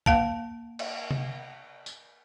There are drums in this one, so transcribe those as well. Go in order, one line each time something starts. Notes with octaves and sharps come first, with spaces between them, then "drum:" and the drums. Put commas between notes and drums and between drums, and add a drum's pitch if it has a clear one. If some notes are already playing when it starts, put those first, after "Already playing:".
A#3 F5 A5, drum: kick C2
drum: cymbal
drum: tom C3
drum: tambourine